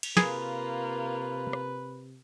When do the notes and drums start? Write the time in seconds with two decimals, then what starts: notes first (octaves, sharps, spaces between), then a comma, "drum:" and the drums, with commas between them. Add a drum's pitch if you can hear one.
0.03 drum: cymbal
0.17 C3 A#3 F4 G#4 B4, drum: snare
1.53 drum: rim click